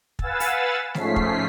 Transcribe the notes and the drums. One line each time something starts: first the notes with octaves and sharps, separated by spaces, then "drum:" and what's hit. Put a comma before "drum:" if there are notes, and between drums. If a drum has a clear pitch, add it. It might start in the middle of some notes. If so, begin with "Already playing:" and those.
B4 F5 F#5 G#5 E6 A6, drum: kick
drum: open hi-hat
G#2 F3 A3 C#4 B6 C7, drum: snare A3
drum: kick